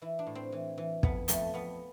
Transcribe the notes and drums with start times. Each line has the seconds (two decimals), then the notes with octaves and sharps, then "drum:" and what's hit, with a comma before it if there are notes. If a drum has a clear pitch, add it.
0.02 E3 E4
0.19 D4
0.27 A2
0.35 C4
0.52 E3
0.78 E3
1.03 F2 B3, drum: kick
1.28 F2 A3, drum: hi-hat
1.54 F2 B3